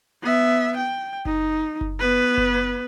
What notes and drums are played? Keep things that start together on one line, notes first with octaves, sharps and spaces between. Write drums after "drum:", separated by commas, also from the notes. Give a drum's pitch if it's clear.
B3 E5
G5
D#4, drum: kick F#1
drum: kick F#1
B3 B4
drum: kick F#1